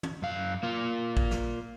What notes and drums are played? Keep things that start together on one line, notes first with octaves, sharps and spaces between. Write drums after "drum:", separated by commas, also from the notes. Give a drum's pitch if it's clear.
drum: tom
F#2 F5
A#3 F4
drum: kick
drum: snare